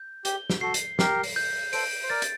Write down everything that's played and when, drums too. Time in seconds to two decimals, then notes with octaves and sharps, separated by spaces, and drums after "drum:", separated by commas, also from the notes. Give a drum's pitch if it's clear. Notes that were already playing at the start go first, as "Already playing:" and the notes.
Already playing: G6
0.25 G4 G7, drum: hi-hat
0.50 drum: snare
0.61 F#4 A4 C7
0.74 drum: hi-hat
0.99 G4 A#4 C7, drum: snare
1.23 drum: open hi-hat
1.36 G6
1.73 A4 C5 D7, drum: open hi-hat
2.03 C5
2.09 A#4 D5 A6
2.22 drum: hi-hat